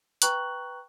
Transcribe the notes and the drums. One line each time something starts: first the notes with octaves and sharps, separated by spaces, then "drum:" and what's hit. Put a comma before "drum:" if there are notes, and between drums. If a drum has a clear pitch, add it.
B4 G5 A#5 C#6 F#6 F#7, drum: hi-hat